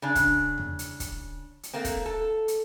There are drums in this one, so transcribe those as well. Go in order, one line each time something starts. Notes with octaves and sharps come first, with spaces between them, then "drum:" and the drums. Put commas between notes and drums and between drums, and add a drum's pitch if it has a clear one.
C#3 D4
drum: kick, hi-hat
drum: tom E2
drum: hi-hat
drum: kick, hi-hat
drum: hi-hat
A3 A#3 C4
drum: kick, hi-hat
A4
drum: hi-hat